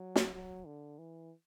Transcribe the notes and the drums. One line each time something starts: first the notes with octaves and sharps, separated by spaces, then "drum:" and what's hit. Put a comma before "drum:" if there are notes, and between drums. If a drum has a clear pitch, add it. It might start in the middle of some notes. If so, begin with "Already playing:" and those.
Already playing: F#3
drum: snare
F#3
D3
E3